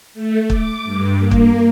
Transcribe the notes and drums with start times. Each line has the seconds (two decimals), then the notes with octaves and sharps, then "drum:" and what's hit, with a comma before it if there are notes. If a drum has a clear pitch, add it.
0.14 A3
0.50 D6, drum: kick
0.85 G2
1.18 A#3
1.31 drum: kick